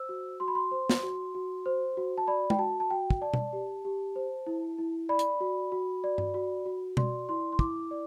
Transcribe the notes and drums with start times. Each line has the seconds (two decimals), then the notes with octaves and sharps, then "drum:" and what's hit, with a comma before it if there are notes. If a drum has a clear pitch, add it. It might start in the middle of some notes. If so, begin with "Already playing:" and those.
Already playing: C5 E6
0.09 F#4
0.40 F#4 C6
0.48 B5
0.55 C6
0.71 C5
0.90 drum: snare
1.03 F#4
1.35 F#4
1.66 C5
1.97 F#4
2.18 A5
2.27 D5 B5
2.50 G5, drum: tom
2.59 F#4 A5
2.80 A5
2.90 F#4 G5
3.10 drum: kick
3.21 D5 A5
3.34 drum: tom
3.53 G4
3.85 G4
4.16 C5
4.47 E4
4.78 E4
5.09 D5 B5
5.19 drum: hi-hat
5.41 F#4
5.72 F#4
6.04 D5
6.18 drum: tom G2
6.34 F#4
6.66 F#4
6.97 D5 C6, drum: tom B2
7.29 E4 C6
7.52 C6
7.59 E4 D6, drum: kick
7.91 D5